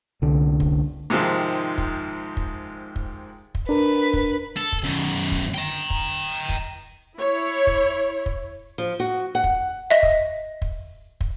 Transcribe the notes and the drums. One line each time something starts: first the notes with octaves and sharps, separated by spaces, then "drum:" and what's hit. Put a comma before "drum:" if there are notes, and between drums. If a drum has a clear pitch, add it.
C2 D3
drum: kick
G#2 C3 D#3 F3 G#3
drum: kick
drum: kick
drum: kick
drum: kick
D4 A#4 B4
drum: kick
A4
drum: kick
F#2 D#3
drum: kick
G5 A#5
drum: kick
drum: kick
E4 C#5
drum: kick
drum: kick
F3
F#4
F#5
drum: kick
D#5 E5
drum: kick
drum: kick
drum: kick